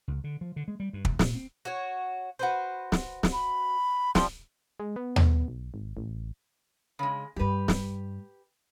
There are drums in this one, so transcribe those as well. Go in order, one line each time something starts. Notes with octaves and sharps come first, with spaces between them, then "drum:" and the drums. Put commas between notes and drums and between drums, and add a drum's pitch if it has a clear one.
C#2
D3
F3
D3
G#3
G3
G2
E1, drum: kick
A#2, drum: snare
C4
F#4 C#5
F#4 B4 C5
drum: snare
drum: snare
B5
F3 G3 C6, drum: snare
G#3
B3
drum: tom D#2
B1
G#1
A1
C#3 G#3
G2 G3 G4 B4
drum: snare